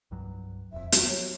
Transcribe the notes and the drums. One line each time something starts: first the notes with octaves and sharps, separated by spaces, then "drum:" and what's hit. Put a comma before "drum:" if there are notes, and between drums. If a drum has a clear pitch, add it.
C2 G2 F#3
D#1 F2 E5
F#3 F#4, drum: hi-hat
C#5